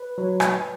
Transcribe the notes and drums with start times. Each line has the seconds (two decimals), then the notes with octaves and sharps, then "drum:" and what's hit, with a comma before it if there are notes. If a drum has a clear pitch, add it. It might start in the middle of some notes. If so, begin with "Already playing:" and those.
Already playing: B4
0.18 F#3
0.40 drum: rim click